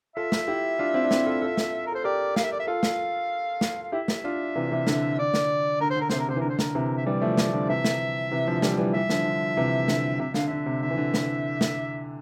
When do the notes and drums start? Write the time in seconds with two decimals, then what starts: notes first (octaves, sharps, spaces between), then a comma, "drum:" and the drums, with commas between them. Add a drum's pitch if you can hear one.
0.16 F4 A4 E5
0.32 drum: snare
0.47 E4 G4
0.79 D4 F4
0.94 C4 E4
1.04 D4
1.11 C4 E4, drum: snare
1.26 F4 A4
1.42 F4 A4
1.57 drum: snare
1.87 A#4
1.92 A4 C5
2.04 G4 A#4 D5
2.36 F5, drum: snare
2.43 E5
2.52 D5
2.60 E5
2.67 F4 A4 F5
2.83 drum: snare
3.61 drum: snare
3.83 F5
3.92 E4 G4 E5
4.08 drum: snare
4.24 D4 F4
4.55 C3 E3
4.71 C3 E3
4.87 D3, drum: snare
5.18 D3 D5
5.34 drum: snare
5.80 D3 A#4
5.90 C5
5.96 D3
6.01 A#4
6.10 C3 C5, drum: snare
6.19 A#4
6.28 C3 C5
6.36 E3
6.40 D3 A#4
6.49 C5
6.59 A#4, drum: snare
6.75 C3 E3
6.97 E5
7.06 E3 G3 D5
7.21 F3 A3
7.37 drum: snare
7.53 D3 F3
7.69 C3 E3 E5
7.85 drum: snare
8.31 C3 E3
8.47 D3 F3
8.62 E3 G3, drum: snare
8.78 E3 G3
8.94 E3 G3 E5
9.10 D3 F3, drum: snare
9.25 D3
9.57 C3 E3
9.88 D3, drum: snare
10.19 C3 E5
10.34 D3 F5, drum: snare
10.47 D3 E5
10.66 C3
10.82 D3 E5
10.90 E3
10.97 D3
11.14 drum: snare
11.61 drum: snare